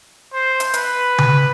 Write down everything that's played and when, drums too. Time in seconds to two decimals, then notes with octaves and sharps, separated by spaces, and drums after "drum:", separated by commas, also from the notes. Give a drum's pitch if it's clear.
0.33 C5
0.60 drum: hi-hat
0.74 B4, drum: hi-hat
1.18 drum: tom C#3